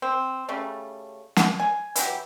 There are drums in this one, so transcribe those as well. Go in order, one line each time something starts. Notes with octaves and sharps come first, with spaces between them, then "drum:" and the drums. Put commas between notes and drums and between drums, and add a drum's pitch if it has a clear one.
C4
C#3 G3 A3
drum: snare
G#5
E3 F#3 G4, drum: hi-hat